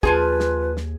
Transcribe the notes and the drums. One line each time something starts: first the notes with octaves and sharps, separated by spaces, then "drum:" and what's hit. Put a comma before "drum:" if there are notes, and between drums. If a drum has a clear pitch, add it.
D#2 F3 F4 G#4 B4 G#5, drum: kick
drum: snare
drum: snare